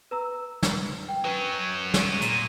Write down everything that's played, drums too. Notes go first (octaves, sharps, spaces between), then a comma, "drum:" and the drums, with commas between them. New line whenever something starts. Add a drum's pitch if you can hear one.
B4 A#5 E6
drum: snare
G5
F#3 C#4 B4
drum: snare
A#2, drum: hi-hat